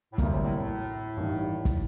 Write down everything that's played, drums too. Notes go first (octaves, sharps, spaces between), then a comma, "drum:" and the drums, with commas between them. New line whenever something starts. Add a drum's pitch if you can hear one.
A2
D2 G2 C3 G3 A#3, drum: kick
A2
A2
A2
A1 G2 D#3
drum: kick